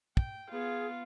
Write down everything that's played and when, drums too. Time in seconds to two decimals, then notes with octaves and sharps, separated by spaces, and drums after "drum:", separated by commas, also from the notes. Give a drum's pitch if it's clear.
0.17 G5, drum: kick
0.51 B3 F4 G#4